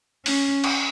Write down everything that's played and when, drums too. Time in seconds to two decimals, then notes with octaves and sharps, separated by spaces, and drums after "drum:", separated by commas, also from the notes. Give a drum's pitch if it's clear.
0.26 C#4, drum: open hi-hat
0.64 drum: cymbal